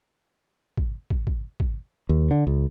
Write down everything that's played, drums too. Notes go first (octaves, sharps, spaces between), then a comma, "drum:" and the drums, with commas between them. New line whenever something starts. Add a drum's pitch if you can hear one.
drum: kick
drum: kick
drum: kick
drum: kick
D#2
D3
C#2